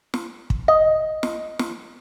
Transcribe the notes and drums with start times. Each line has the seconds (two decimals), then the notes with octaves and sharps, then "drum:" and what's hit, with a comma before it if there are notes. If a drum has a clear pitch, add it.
0.14 drum: snare
0.50 drum: kick
0.68 D#5
1.23 drum: snare
1.59 drum: snare